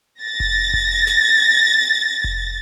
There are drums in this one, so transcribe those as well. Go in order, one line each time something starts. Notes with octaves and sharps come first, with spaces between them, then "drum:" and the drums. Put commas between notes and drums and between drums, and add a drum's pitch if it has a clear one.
A6 A#6
drum: kick F1
drum: kick F1
drum: snare
drum: kick F1